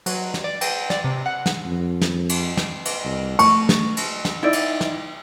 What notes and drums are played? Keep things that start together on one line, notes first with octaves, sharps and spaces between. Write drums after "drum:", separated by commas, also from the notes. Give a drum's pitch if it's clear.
F#3, drum: cymbal
drum: snare
D5
G5, drum: cymbal
D5, drum: snare
C3
F#5
drum: snare
F2
drum: snare
drum: cymbal
drum: snare
drum: cymbal
C2
A3 C#6, drum: cymbal
drum: snare
drum: cymbal
drum: snare
D#4 E4 D5
drum: cymbal
drum: snare